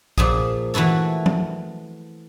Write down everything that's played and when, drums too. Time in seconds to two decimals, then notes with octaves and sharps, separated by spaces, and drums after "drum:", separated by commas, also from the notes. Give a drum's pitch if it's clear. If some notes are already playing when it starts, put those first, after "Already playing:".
0.18 A#2 F3 G#4, drum: kick B1
0.74 E3 A3 E4 F#4 A4
1.26 drum: tom